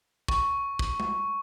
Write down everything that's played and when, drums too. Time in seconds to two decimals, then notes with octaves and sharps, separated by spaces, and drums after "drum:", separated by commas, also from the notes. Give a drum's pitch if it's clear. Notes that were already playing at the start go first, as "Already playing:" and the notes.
0.28 C#6, drum: kick
0.79 drum: kick
1.00 drum: tom G#3